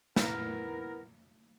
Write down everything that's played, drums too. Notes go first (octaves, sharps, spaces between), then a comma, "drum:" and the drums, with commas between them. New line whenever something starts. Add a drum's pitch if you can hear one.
B3 E4 A#4, drum: snare